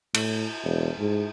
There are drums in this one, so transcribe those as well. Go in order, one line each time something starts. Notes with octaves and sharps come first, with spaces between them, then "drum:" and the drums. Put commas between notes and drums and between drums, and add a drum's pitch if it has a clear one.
A2, drum: cymbal
E1
G#2